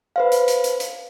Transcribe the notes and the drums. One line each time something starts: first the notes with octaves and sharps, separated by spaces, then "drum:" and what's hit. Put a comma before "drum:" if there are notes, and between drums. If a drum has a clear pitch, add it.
B4 C5 F5
drum: hi-hat
drum: hi-hat
drum: hi-hat
drum: hi-hat